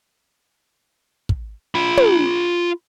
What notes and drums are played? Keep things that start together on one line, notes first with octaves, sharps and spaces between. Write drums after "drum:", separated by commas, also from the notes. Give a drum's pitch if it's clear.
drum: kick
F4 B5
drum: tom